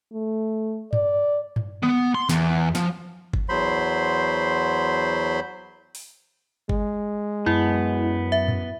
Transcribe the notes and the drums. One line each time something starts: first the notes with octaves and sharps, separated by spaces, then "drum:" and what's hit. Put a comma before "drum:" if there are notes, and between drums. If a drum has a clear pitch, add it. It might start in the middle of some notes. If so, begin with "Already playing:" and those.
A3
D5, drum: tom G2
drum: tom G2
B3, drum: tom D3
C6
E2, drum: snare
F3, drum: snare
drum: kick G1
E2 F#3 C5 B5 C6
drum: open hi-hat
G#3, drum: kick G1
F#2 B3 E4
E5
drum: tom G2